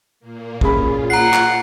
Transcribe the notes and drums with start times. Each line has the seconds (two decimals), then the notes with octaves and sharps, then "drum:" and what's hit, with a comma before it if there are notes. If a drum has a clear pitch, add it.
0.20 A#2 A#3
0.61 A#2 C#4 F4 G#4 B5, drum: kick
1.10 F#5 A#5 C7
1.34 drum: clap